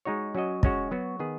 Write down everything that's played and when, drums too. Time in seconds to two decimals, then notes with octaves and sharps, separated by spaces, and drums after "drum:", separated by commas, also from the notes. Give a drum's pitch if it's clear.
0.05 G#3 D#4 F#4 C#5
0.35 F#3 C#4 F#4 D#5
0.63 G#3 C#4 F#4, drum: kick
0.91 F#3 B3 F#4 C#5
1.19 D#3 B3 G#4